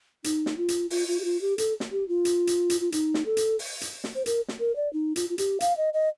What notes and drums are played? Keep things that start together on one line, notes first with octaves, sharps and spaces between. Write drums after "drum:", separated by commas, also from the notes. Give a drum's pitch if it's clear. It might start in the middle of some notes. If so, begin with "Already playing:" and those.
D#4, drum: hi-hat
drum: snare
F4
drum: hi-hat
F4, drum: open hi-hat
F4
G4
F4
G4
A4, drum: hi-hat
drum: snare
G4
F4
drum: hi-hat
drum: hi-hat
drum: hi-hat
F4
D#4, drum: hi-hat
drum: snare
A4
drum: hi-hat
drum: open hi-hat
drum: hi-hat
drum: snare
C5
A#4, drum: hi-hat
drum: snare
A#4
D5
D#4
F4, drum: hi-hat
F4
G4, drum: hi-hat
F5, drum: hi-hat
D#5
D#5